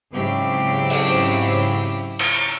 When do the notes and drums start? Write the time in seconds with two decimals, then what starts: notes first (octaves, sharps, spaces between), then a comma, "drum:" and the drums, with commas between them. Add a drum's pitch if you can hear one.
0.13 G#2 C#3 F#3 C4 E4 G4
0.90 drum: open hi-hat
2.19 drum: cymbal